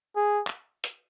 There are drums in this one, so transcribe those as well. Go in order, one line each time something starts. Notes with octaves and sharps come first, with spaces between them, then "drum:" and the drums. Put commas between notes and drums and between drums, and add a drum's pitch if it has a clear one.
G#4
drum: clap
drum: hi-hat